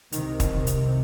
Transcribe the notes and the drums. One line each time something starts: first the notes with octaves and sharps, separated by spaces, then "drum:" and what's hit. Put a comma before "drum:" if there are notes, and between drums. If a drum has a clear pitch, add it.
C2 C3 D#3, drum: hi-hat
drum: kick, hi-hat
D#3
drum: hi-hat